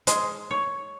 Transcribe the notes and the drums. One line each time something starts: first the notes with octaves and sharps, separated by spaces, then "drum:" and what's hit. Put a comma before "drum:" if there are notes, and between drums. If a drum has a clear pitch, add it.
G#3, drum: hi-hat
C#5